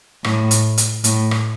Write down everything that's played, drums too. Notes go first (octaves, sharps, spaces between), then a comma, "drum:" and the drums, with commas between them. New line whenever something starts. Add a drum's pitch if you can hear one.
A2, drum: rim click
drum: hi-hat
drum: hi-hat
A2, drum: hi-hat
drum: rim click